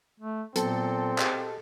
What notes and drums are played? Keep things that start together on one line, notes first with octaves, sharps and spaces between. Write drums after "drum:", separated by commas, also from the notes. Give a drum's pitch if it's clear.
A3
A#2 F#3 B3 C4 A4, drum: hi-hat
G4 G#4 D#5, drum: clap